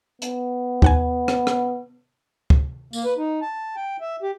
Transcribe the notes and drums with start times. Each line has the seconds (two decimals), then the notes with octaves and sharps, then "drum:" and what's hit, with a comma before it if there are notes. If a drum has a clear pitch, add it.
0.22 B3, drum: hi-hat
0.82 D#2 F#5 G#5, drum: kick
1.28 drum: rim click
1.47 drum: rim click
2.50 drum: kick
2.93 A#3, drum: tambourine
3.04 B4
3.18 D#4
3.42 A5
3.76 G5
4.01 E5
4.22 G4